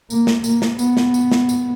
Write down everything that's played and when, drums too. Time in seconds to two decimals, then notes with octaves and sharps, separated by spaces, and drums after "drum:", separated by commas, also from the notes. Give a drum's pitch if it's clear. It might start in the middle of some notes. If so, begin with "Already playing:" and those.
0.10 A#3, drum: tambourine
0.27 drum: snare
0.44 A#3, drum: tambourine
0.62 drum: snare
0.79 B3, drum: tambourine
0.97 drum: snare
1.14 drum: tambourine
1.31 drum: snare
1.49 drum: tambourine